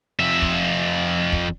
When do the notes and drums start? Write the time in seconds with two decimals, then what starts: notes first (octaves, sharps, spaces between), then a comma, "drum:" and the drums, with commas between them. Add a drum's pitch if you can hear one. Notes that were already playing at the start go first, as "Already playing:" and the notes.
0.19 F2 E5
0.42 drum: kick
1.32 drum: kick